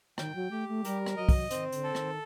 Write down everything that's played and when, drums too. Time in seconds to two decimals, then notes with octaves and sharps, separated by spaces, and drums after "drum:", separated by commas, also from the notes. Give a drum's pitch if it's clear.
0.18 D#3 G5, drum: rim click
0.35 F#3
0.51 A3 G4
0.68 A3
0.85 G3 A#4, drum: hi-hat
1.06 drum: rim click
1.17 F#3 D#5
1.29 drum: kick, open hi-hat
1.50 D#3 C4, drum: hi-hat
1.72 D3, drum: hi-hat
1.83 A4
1.95 D#3, drum: rim click